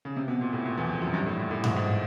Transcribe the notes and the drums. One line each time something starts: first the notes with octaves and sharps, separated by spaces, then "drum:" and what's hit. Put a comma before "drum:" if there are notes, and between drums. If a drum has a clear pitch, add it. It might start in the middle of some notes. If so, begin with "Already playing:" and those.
C#3
C3
B2
A#2
A2
A#2
E2
F2
F#2
G2
A2
A#2
A2
G#2, drum: tom G#2
G#2